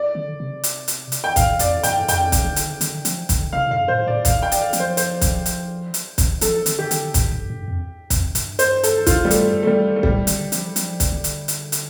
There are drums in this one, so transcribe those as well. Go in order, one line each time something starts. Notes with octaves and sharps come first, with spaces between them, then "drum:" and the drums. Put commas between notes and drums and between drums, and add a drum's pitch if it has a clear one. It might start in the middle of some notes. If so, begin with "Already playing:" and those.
Already playing: D5
D3
C3
drum: hi-hat
drum: hi-hat
drum: hi-hat
G5
A2 F5, drum: kick, hi-hat
F2 D5, drum: hi-hat
G2 G5, drum: hi-hat
F2 G5, drum: hi-hat
drum: kick, hi-hat
D3
drum: hi-hat
D3, drum: hi-hat
F3, drum: hi-hat
D3, drum: kick, hi-hat
C3 F5
G2 F5
A2 C5
A2 D5
A2 F5, drum: kick, hi-hat
G5
D5, drum: hi-hat
F5
F3, drum: hi-hat
C5
C5, drum: hi-hat
drum: kick, hi-hat
drum: hi-hat
drum: hi-hat
drum: kick, hi-hat
F3 A4, drum: hi-hat
D3, drum: hi-hat
G4
D3, drum: hi-hat
A2, drum: kick, hi-hat
G2
G2
F2
F2, drum: kick, hi-hat
G2, drum: hi-hat
C5, drum: hi-hat
A4, drum: hi-hat
F4, drum: kick, hi-hat
G3
A3, drum: hi-hat
A3
G3
A3
A2 G3, drum: kick
D3, drum: hi-hat
F3, drum: hi-hat
F3, drum: hi-hat
drum: kick, hi-hat
D3
drum: hi-hat
drum: hi-hat
drum: hi-hat